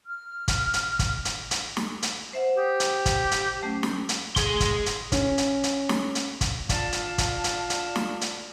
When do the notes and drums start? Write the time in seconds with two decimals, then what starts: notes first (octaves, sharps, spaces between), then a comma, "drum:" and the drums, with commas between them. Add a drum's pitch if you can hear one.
0.07 F6
0.48 drum: kick, hi-hat
0.74 drum: hi-hat
0.99 drum: kick, hi-hat
1.25 drum: hi-hat
1.51 drum: hi-hat
1.77 drum: snare
2.02 drum: hi-hat
2.33 C5 E5 F#5
2.57 G4 D#6
2.80 drum: hi-hat
3.06 drum: kick, hi-hat
3.31 drum: hi-hat
3.62 F#3 A3 C#4
3.83 drum: snare
4.09 drum: hi-hat
4.36 G#4 C6, drum: kick, hi-hat
4.60 drum: kick, hi-hat
4.86 drum: hi-hat
5.12 C#4, drum: kick, hi-hat
5.38 drum: hi-hat
5.63 drum: hi-hat
5.89 drum: snare
6.15 drum: hi-hat
6.41 drum: kick, hi-hat
6.69 D4 F4 F5 A5, drum: kick, hi-hat
6.92 drum: hi-hat
7.18 drum: kick, hi-hat
7.44 drum: hi-hat
7.70 drum: hi-hat
7.96 drum: snare
8.21 drum: hi-hat